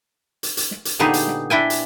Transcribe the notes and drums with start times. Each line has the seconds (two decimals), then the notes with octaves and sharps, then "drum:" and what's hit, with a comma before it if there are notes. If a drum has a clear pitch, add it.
0.43 drum: hi-hat
0.57 drum: hi-hat
0.71 drum: snare
0.85 drum: hi-hat
0.99 A#2 D3 B3 D#4 G4 G#4
1.13 drum: hi-hat
1.28 drum: snare
1.50 D4 E4 G5 G#5
1.70 drum: hi-hat